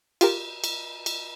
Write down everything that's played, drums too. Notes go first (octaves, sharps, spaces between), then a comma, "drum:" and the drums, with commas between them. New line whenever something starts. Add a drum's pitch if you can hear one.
F4 G4 A#4, drum: cymbal
drum: cymbal
drum: cymbal